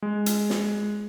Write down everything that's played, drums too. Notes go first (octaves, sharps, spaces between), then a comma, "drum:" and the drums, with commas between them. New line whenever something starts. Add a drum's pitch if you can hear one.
G#3
drum: hi-hat
drum: snare